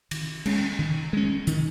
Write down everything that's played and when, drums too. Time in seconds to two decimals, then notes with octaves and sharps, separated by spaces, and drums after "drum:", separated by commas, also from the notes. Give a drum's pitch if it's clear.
0.11 D#3, drum: cymbal
0.46 G#3 C#4, drum: cymbal
0.79 D#3
1.13 G#3 C#4
1.47 D#3, drum: hi-hat